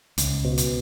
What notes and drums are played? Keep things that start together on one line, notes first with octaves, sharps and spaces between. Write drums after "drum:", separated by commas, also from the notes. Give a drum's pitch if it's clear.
C#2, drum: hi-hat
B2
drum: hi-hat